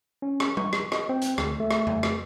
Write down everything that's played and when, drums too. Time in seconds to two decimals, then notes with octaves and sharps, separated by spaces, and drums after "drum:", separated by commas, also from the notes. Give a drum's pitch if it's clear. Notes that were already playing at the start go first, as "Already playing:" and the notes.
0.22 C#4
0.40 drum: rim click
0.57 C#6, drum: tom G3
0.73 drum: rim click
0.92 D#5, drum: rim click
1.09 C4
1.22 drum: hi-hat
1.38 D2, drum: rim click
1.60 A3
1.71 drum: rim click
1.87 drum: tom F2
2.03 drum: rim click